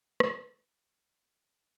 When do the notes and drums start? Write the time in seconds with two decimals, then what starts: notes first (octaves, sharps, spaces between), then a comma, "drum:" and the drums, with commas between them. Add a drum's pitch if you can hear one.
0.20 A4, drum: rim click
0.35 F3 B3 C4 F5 G#5 A5
1.21 C#3 B4 D#6